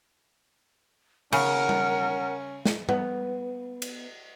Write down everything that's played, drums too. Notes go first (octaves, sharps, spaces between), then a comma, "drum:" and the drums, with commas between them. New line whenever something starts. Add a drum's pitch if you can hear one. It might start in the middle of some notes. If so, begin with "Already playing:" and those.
C#3 C#4 A#4 F#5, drum: cymbal
drum: tom G3
drum: snare
B3, drum: tom G3
drum: cymbal